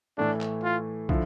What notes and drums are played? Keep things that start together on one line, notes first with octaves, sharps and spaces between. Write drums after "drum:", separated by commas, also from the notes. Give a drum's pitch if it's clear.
A2 E3 A3 D4
drum: clap
F4
D3 F3 E4, drum: kick